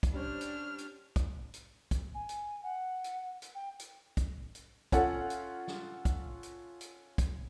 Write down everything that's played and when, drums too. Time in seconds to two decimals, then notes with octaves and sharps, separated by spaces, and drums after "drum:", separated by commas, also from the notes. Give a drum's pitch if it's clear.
0.03 drum: kick, hi-hat
0.13 G3 C#4 D4 C5 F6
0.41 drum: hi-hat
0.78 drum: hi-hat
1.16 drum: kick, hi-hat
1.54 drum: hi-hat
1.91 drum: kick, hi-hat
2.15 G#5
2.29 drum: hi-hat
2.63 F#5
3.04 drum: hi-hat
3.42 drum: hi-hat
3.55 G5
3.79 drum: hi-hat
4.17 drum: kick, hi-hat
4.55 drum: hi-hat
4.92 C#4 F4 A4 F#5, drum: kick, hi-hat
5.30 drum: hi-hat
5.68 drum: snare
6.05 drum: kick, hi-hat
6.43 drum: hi-hat
6.81 drum: hi-hat
7.18 drum: kick, hi-hat